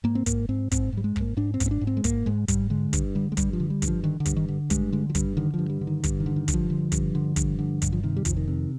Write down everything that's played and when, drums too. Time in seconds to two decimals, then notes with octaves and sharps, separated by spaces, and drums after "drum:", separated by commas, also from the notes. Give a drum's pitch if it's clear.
0.04 G#2 A#3
0.15 C4
0.26 G#2 A#3, drum: kick, hi-hat
0.49 G#2 C4
0.71 G#2 C4, drum: kick, hi-hat
0.93 G#2 G3
1.04 G#3
1.16 G#2 A#3, drum: kick
1.37 G#2 D4
1.54 C4
1.60 G#2, drum: kick, hi-hat
1.66 C4
1.71 D4
1.81 G#2
1.87 C4
1.97 G#3
2.04 G#2 A#3, drum: kick, hi-hat
2.26 G#2 G#3
2.48 G#2 G3, drum: kick, hi-hat
2.70 D3 G#3
2.93 G2, drum: kick, hi-hat
3.15 D3 G3
3.32 G#3
3.37 G2 G3, drum: kick, hi-hat
3.53 F3
3.60 D3
3.70 G3
3.82 G2, drum: kick, hi-hat
3.88 F3
4.04 D3 D#3
4.20 D3
4.25 G2, drum: kick, hi-hat
4.36 D#3
4.48 D3
4.70 G2 G#3, drum: kick, hi-hat
4.92 D3 G#3
5.10 F3
5.15 G2 G3, drum: kick, hi-hat
5.37 D3 D#3
5.54 G2 F3
5.70 G3
5.81 D3
5.87 D#3
6.03 G2, drum: kick, hi-hat
6.20 D#3
6.26 D3
6.36 D#3
6.48 G2, drum: kick, hi-hat
6.54 F3
6.70 D3
6.92 G2, drum: kick, hi-hat
7.15 D3
7.36 G2, drum: kick, hi-hat
7.59 D3
7.82 G2, drum: kick, hi-hat
7.92 F3
8.03 C3 D#3
8.17 G3
8.25 F2 F3, drum: kick, hi-hat
8.37 D#3
8.48 C3